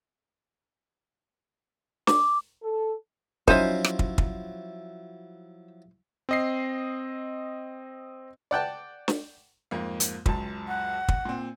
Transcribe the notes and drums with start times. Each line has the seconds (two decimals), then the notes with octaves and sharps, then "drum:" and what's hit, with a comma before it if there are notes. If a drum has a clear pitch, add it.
2.07 D6, drum: snare
2.63 A4
3.48 F3 F#3 C#4 D#4 E4 C5 E5, drum: kick
3.84 drum: rim click
3.99 drum: kick
4.18 drum: kick
6.29 C4 D#5 C7
8.51 D5 F#5 G5 A5
9.08 drum: snare
9.71 F2 G#2 A#3
10.00 drum: hi-hat
10.26 C#2 F#2 A5, drum: kick
10.68 F#5
11.08 drum: kick
11.25 A#2 C4